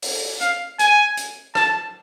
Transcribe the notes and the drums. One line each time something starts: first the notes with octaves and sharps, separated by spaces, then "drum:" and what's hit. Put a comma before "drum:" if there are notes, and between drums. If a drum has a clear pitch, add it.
drum: open hi-hat
F5, drum: hi-hat
G#5, drum: hi-hat
drum: hi-hat
A5, drum: rim click